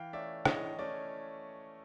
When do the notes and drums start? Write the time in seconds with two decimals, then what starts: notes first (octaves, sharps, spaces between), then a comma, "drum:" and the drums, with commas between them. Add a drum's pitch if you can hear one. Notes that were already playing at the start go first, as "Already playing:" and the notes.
Already playing: E3 F5 G5
0.13 A3 C#4 D5 E5
0.45 E3 C#5 D#5, drum: rim click
0.79 A3 C#4 D5